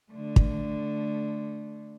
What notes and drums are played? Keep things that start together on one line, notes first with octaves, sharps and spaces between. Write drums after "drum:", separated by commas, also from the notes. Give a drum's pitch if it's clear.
D3 A3
drum: kick